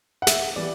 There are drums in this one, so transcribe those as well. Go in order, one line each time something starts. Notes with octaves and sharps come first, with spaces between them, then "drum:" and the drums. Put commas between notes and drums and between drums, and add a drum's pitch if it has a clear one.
F#5
E5, drum: snare
E3 G3 D5